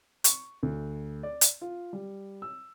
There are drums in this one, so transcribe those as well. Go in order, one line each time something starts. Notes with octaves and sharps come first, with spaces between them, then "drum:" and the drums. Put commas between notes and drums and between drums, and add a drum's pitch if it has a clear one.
C#6, drum: hi-hat
D2
D5
drum: hi-hat
F4
G3
E6